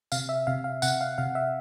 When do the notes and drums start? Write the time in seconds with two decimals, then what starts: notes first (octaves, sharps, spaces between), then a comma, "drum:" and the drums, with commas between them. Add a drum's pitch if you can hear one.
0.12 C3 F5, drum: tambourine
0.29 E5
0.47 C3 F5
0.64 F5
0.82 C3 F#5, drum: tambourine
1.01 F5
1.18 C3 F5
1.35 E5